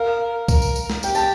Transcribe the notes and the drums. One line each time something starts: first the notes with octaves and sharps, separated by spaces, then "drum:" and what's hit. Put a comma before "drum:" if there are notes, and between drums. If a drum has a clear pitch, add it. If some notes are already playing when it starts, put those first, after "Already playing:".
Already playing: A#4 F5
A#4, drum: kick C2, tambourine
drum: tambourine
drum: tambourine
drum: snare
G4 G5, drum: tambourine
A5, drum: tambourine